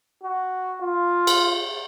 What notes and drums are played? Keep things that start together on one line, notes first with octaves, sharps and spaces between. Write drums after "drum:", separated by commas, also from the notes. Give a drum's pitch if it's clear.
F#4
F4
drum: cymbal